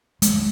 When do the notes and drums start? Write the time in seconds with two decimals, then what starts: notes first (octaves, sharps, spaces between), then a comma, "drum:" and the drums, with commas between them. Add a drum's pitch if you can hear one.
0.22 G#3, drum: hi-hat